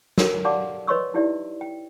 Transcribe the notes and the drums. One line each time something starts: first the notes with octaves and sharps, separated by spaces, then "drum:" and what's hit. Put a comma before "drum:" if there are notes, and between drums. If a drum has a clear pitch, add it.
A4 A#4 C#5, drum: snare
G4 D5 F5 F#5 A5 D6
B4 C#5 D#5 C6 C#6 E6
D#4 E4 G4 D5 E5
G5